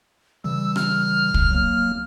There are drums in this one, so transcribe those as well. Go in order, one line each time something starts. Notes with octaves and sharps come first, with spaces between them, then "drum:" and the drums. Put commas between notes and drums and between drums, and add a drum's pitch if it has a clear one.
C#3 E3 G3 E6
F6, drum: rim click
drum: kick
F#3 A#3